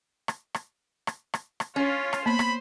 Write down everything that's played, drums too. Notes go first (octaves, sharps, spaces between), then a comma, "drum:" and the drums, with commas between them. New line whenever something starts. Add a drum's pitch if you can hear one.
drum: rim click
drum: rim click
drum: rim click
drum: rim click
drum: rim click
C#4 F4 C#5
drum: rim click
A#3 B3 C5 B5
drum: rim click